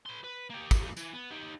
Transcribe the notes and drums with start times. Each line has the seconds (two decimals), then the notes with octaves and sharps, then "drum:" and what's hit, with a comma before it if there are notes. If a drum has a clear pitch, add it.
0.06 B4 C6
0.24 B4
0.50 A#3 G4
0.71 drum: kick, tambourine
0.97 E3, drum: tambourine
1.13 B3
1.31 D#4 G4